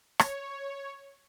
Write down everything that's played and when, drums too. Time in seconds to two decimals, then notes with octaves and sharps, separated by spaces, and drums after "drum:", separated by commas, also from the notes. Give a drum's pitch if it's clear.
0.19 C#5, drum: rim click